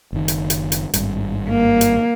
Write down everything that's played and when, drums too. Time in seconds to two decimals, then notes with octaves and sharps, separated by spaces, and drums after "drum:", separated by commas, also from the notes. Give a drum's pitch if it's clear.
0.13 F#1 D#3
0.28 drum: hi-hat
0.50 drum: hi-hat
0.72 drum: hi-hat
0.94 G#1 G2, drum: hi-hat
1.49 A#3
1.81 drum: hi-hat